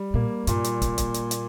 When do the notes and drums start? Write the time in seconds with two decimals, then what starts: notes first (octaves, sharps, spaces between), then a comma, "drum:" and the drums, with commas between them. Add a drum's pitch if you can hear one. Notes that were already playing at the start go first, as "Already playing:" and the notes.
Already playing: G3
0.14 A#2 A#3
0.47 G2 A#2, drum: hi-hat
0.64 drum: hi-hat
0.82 A#3, drum: kick, hi-hat
0.98 drum: kick, hi-hat
1.14 drum: hi-hat
1.31 drum: hi-hat